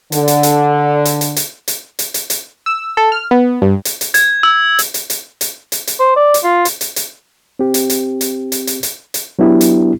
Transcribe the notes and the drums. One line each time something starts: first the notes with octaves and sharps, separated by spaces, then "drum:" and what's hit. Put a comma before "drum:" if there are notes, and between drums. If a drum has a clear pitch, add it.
D3, drum: hi-hat
drum: hi-hat
drum: hi-hat
drum: hi-hat
drum: hi-hat
drum: hi-hat
drum: hi-hat
drum: hi-hat
drum: hi-hat
drum: hi-hat
E6
A4
F6
B3
G2
drum: hi-hat
drum: hi-hat
G#6, drum: hi-hat
E6
drum: hi-hat
drum: hi-hat
drum: hi-hat
drum: hi-hat
drum: hi-hat
drum: hi-hat
C5
D5
drum: hi-hat
F4
drum: hi-hat
drum: hi-hat
drum: hi-hat
C4 G4
drum: hi-hat
drum: hi-hat
drum: hi-hat
drum: hi-hat
drum: hi-hat
drum: hi-hat
drum: hi-hat
F#3 B3 D4 E4 G4
drum: hi-hat